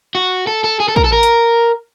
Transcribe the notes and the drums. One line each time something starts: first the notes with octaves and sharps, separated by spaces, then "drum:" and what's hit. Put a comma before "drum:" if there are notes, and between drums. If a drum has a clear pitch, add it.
F#4
A4
A4
G#4
A4
A#4, drum: kick
A4
A#4
drum: hi-hat